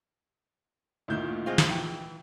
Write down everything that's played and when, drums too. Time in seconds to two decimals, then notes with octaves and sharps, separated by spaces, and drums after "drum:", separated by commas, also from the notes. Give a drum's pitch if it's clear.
1.08 D2 A#2 D#3 E4 G6
1.46 G#3 C4 F4
1.58 drum: snare
1.70 E3 G5